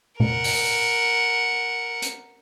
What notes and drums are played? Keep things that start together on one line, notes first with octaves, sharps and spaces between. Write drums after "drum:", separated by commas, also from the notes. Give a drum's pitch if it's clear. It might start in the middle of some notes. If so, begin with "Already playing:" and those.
A#4 F#5, drum: tom A#2
drum: open hi-hat
drum: hi-hat